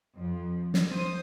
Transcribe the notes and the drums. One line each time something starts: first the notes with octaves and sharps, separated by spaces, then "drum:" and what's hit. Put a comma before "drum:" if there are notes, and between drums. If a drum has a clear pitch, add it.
F2 F3
drum: snare
C5 D#6